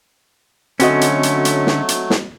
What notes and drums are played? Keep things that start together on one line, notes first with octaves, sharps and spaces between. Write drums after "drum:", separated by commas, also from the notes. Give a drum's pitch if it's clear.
D3 F#3 A3 C4 C#4 F#4 D#5, drum: hi-hat
drum: hi-hat
drum: hi-hat
drum: hi-hat
drum: snare
drum: hi-hat
drum: snare